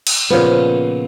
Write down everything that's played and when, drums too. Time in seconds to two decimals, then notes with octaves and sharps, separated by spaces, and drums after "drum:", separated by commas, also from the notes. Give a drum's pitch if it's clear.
0.07 drum: cymbal
0.30 A#2 C#3 F3 B3